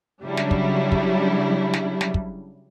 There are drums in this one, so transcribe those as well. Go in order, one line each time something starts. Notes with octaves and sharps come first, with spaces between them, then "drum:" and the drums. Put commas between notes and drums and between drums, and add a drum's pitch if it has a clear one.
C#3 F#3 G3 D4 E4
drum: snare
drum: kick
drum: kick
drum: snare
drum: snare
drum: kick